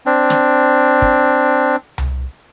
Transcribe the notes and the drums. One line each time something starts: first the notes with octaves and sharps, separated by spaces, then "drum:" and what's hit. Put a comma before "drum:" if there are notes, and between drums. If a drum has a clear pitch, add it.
C4 D4
drum: snare
drum: kick
drum: tom C2